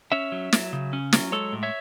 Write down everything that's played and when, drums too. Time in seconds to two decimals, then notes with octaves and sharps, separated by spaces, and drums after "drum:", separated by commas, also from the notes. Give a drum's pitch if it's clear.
0.12 C#4 C#5 E5
0.32 F#3
0.52 F#3, drum: snare
0.73 C#3
0.93 C#4
1.13 F#3, drum: snare
1.32 G#3 A4 C#5
1.52 A2
1.63 C#5 E5